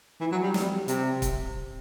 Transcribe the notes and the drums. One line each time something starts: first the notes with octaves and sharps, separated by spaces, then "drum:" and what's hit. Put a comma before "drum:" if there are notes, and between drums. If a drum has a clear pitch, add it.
E3
F#3
G3
drum: snare
C3, drum: hi-hat
drum: kick, hi-hat